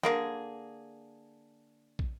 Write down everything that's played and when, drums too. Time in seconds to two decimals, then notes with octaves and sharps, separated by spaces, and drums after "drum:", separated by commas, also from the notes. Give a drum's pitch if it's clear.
0.03 D3 A#3 G#4, drum: snare
1.99 drum: kick